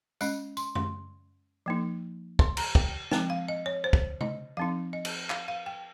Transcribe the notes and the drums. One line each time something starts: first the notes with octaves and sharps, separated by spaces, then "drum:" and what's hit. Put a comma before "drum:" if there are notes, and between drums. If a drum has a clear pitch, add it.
G#3 C#4 D#5, drum: tambourine
C6, drum: tambourine
C6, drum: tom F#2
F3 A#3 D#4
C6, drum: kick
A#5, drum: cymbal
G5, drum: kick
F3 G#3 C4 G5, drum: snare
F5
D#5
C#5
C5
drum: kick
D#5, drum: tom C3
F3 C4 D#4 F5
D#5
drum: cymbal
F5, drum: clap
F5
G5